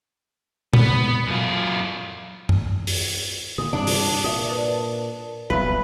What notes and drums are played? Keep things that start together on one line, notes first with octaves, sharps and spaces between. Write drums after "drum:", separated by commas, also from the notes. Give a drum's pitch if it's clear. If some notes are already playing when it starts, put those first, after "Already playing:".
B3, drum: tom
F#2 F4
drum: tom F#2
drum: open hi-hat
A#2 D3 D#6
G2 C3 E3 D4
drum: open hi-hat
A#2 E5 D#6
B4 D5 A5
D#1 B1 B4 E5 F5 B6